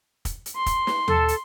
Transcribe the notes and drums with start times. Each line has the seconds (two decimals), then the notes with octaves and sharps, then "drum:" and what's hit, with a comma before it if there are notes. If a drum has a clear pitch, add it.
0.25 drum: kick, hi-hat
0.46 drum: hi-hat
0.56 C6
0.66 drum: kick, hi-hat
0.87 drum: snare
1.08 A4, drum: tom D#2
1.28 drum: hi-hat